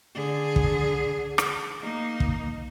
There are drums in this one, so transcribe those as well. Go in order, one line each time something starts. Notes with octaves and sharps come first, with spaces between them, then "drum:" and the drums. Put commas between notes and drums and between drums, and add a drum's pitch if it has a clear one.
D3 G#4
drum: kick
drum: rim click
A#3 D#4
drum: kick